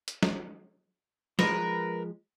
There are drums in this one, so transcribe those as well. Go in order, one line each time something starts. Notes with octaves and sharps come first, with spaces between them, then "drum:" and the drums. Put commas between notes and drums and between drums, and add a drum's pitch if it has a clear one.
drum: hi-hat
drum: snare
F3 G#3 A#4 B4, drum: snare